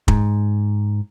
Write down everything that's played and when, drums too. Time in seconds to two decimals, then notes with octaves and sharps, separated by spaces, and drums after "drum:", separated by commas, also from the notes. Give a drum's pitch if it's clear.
0.08 G#2, drum: kick